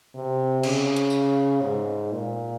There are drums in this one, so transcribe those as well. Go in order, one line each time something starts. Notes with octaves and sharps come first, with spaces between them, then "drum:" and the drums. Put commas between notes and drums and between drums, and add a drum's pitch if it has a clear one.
C3
C#3, drum: cymbal
drum: hi-hat
drum: tambourine
G#2
A#2